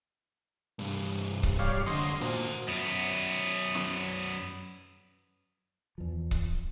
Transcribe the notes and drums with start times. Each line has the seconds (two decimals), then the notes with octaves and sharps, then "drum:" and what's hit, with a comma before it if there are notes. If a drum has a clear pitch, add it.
0.79 C2 G2
1.43 drum: kick C#1
1.59 G3 C#5 F5
1.86 F2 D3 D#5 C6, drum: hi-hat
2.21 A#2 F#4 C5, drum: hi-hat
2.68 F#2 B3
3.75 drum: snare
5.98 E2 F3
6.31 drum: kick C#1